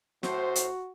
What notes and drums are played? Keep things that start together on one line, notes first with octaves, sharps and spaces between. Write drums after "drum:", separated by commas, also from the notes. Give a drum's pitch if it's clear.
A2 F#4 C5, drum: snare
drum: hi-hat